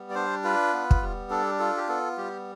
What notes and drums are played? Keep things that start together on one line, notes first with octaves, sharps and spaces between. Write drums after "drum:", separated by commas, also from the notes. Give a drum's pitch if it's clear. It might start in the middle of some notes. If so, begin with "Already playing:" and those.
Already playing: G3 B3
D5
D4 C5
F4 B4
B3
drum: kick
G3
D4 A4
F4 A4
G4
B3 A4
G3 G4